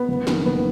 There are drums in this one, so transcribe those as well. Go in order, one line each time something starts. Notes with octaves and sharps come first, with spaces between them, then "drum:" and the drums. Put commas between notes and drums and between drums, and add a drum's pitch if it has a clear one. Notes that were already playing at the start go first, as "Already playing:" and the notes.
Already playing: B3
F#1
F2 D#3 A#3, drum: snare
F#1 B3